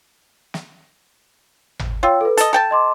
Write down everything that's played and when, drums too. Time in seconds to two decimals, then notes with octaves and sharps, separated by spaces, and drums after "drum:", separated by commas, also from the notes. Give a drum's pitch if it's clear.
0.54 drum: snare
1.79 drum: tom G#1
2.03 F4 C#5 G5 E6
2.21 A4 B4
2.37 A4 D#5 A6, drum: hi-hat
2.53 A4 G5 A5
2.71 D#5 C6 D6